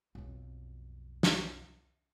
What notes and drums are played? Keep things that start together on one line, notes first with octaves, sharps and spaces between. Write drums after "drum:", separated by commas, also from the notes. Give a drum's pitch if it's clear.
B1 F2
drum: snare